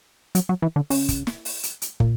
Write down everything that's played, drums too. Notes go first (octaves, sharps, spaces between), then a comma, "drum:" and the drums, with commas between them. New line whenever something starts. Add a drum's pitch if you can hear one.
F#3, drum: hi-hat
F#3
E3
D3
C#3, drum: open hi-hat
drum: kick, hi-hat
drum: snare
drum: open hi-hat
drum: hi-hat
drum: hi-hat
A#2, drum: kick